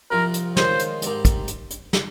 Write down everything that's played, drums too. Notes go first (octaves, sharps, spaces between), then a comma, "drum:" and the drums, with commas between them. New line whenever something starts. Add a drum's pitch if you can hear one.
C2 C3 F3 C4 A#4
drum: hi-hat
D#3 G#3 C#4 F4 C5, drum: snare
drum: hi-hat
G#2 G3 C4 G4 A#4, drum: hi-hat
drum: kick, hi-hat
drum: hi-hat
drum: hi-hat
drum: snare